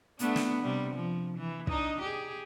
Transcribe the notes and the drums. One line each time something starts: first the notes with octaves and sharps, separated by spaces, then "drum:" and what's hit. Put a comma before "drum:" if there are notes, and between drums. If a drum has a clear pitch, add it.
A3 B3 D4, drum: hi-hat
drum: snare
C3 G3
F3
E3
D4 D#4 D#5, drum: kick
G4 G#4